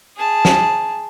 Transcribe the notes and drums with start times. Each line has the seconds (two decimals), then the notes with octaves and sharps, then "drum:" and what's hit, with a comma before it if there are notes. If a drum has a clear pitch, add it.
0.17 G#4 A5
0.45 drum: snare